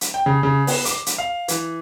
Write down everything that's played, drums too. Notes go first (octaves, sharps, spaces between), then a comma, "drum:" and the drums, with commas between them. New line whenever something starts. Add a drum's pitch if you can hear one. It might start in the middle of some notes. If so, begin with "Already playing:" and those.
drum: hi-hat
G5
C#3
C#3
B3, drum: open hi-hat
D6, drum: hi-hat
drum: hi-hat
F5
E3, drum: hi-hat